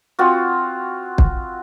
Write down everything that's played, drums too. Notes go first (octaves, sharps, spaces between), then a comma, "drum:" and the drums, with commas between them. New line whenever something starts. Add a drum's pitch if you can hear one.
C4 F4 F#4
drum: kick